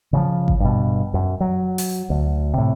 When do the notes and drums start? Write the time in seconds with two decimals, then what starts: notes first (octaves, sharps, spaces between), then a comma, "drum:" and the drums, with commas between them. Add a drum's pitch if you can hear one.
0.13 C#3 E3 F3
0.48 drum: kick G#1
0.60 G2 B2
1.14 F#2
1.40 F#3
1.78 drum: open hi-hat
2.10 D2
2.54 A2 C3